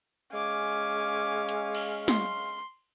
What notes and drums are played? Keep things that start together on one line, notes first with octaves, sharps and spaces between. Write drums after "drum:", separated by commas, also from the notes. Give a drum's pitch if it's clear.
G#3 C#4 F5 G#5 D6
drum: hi-hat
drum: cymbal
C6, drum: snare